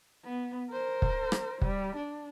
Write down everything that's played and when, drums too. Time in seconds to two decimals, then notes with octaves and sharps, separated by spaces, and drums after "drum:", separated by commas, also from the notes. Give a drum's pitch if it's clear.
0.25 B3
0.71 A#4 C5
1.02 drum: kick
1.32 drum: rim click
1.62 G3, drum: kick
1.96 D4